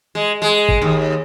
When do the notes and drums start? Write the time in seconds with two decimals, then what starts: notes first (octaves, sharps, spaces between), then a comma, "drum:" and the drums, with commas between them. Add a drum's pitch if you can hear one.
0.15 G#3
0.42 G#3
0.69 drum: kick G1
0.82 D#2